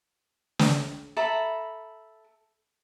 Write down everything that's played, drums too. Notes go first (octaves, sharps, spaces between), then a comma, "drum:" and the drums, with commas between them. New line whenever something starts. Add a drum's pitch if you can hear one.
drum: snare
A4 E5 A#5 B5